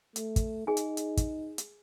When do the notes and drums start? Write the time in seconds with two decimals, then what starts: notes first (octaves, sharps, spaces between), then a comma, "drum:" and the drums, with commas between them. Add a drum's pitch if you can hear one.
0.16 A3, drum: hi-hat
0.36 drum: kick, hi-hat
0.67 D#4 G#4 G#5
0.77 drum: hi-hat
0.97 drum: hi-hat
1.17 drum: kick, hi-hat
1.58 drum: hi-hat